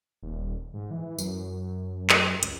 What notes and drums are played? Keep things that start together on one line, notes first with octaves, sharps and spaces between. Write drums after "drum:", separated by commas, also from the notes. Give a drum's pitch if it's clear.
D#1
G#2
E3
F#2, drum: tambourine
drum: clap
C#2, drum: hi-hat